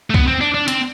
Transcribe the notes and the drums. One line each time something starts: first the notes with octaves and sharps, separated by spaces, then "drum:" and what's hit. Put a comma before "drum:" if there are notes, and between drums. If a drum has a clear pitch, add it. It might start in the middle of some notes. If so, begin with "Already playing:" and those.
A3
B3, drum: kick C#2
C4
D4
D4
C4, drum: hi-hat